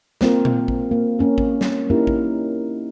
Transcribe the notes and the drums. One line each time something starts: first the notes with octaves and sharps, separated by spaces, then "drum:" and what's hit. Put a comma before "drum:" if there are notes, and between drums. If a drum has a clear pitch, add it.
A#3 C4 F4 A#4, drum: snare
drum: tom A#2
drum: kick A1
A#3
A#3 C#4 A#4
drum: kick A1
drum: snare
A#3 C#4 D#4 E4 G4 A#4
drum: kick A1